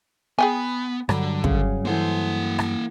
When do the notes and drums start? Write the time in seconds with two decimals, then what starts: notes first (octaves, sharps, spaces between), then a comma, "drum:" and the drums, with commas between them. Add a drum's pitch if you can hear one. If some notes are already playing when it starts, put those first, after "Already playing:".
0.39 B3 G#4 G5 G#5
1.09 G2 D3 F#3 G3, drum: rim click
1.44 C#3, drum: kick
1.85 E3 A#3 A4 C5 F#5
2.59 drum: rim click